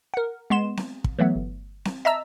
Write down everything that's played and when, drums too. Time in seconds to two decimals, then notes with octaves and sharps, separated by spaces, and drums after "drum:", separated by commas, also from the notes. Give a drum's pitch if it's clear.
0.14 A#4 F#5
0.50 G#3 B3 C6 E7
0.77 drum: snare C4
1.04 drum: kick
1.19 E3 F#3 A3 B3
1.36 G1
1.85 drum: snare C4
2.05 D#5 E5 A5 A#5 E6